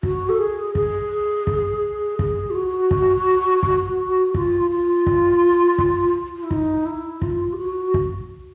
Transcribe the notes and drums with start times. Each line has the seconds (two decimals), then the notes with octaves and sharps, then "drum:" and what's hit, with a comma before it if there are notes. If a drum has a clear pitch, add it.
0.03 F#4, drum: kick
0.29 A4
0.39 G#4
0.75 G#4, drum: kick
1.47 drum: kick
2.19 G#4, drum: kick
2.50 F4
2.55 F#4
2.91 drum: kick
3.63 drum: kick
4.34 F4, drum: kick
4.70 F4
5.06 drum: kick
5.78 drum: kick
6.36 F4
6.43 E4
6.51 D#4, drum: kick
6.86 E4
7.22 F4, drum: kick
7.53 G4
7.58 F#4
7.94 drum: kick